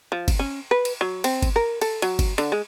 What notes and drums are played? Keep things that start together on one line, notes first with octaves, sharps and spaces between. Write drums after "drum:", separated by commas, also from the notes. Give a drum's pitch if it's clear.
F3
drum: kick G1, cymbal
C#4
B4
drum: cymbal
F#3
C4, drum: cymbal
drum: kick G1, cymbal
A#4
A4, drum: cymbal
F#3, drum: cymbal
drum: kick G1, cymbal
D3, drum: cymbal
G#3